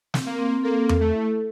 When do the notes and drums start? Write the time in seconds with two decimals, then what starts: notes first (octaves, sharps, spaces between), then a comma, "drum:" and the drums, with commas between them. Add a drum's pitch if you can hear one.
0.14 C4, drum: snare
0.26 A#3
0.38 C4
0.63 A#3 A4
0.89 A4, drum: tom E2
1.01 A3
1.13 E4